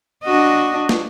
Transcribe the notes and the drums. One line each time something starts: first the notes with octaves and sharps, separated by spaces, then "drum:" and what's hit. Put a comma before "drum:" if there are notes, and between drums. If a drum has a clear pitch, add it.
D4 F#4 D#5
drum: snare